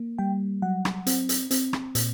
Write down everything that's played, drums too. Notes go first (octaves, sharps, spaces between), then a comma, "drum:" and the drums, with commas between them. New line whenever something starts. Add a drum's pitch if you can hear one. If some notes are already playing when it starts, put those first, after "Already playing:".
Already playing: A#3
G3 G5
F#3 F#5
drum: rim click
C4, drum: hi-hat
drum: hi-hat
C4, drum: hi-hat
drum: rim click
A#2, drum: hi-hat